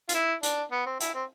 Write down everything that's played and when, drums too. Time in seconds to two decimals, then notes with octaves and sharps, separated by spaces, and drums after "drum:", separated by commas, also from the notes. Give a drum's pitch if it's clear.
0.09 F4, drum: hi-hat
0.14 E4
0.43 D4, drum: hi-hat
0.72 B3
0.86 C4
1.00 E4, drum: hi-hat
1.14 C4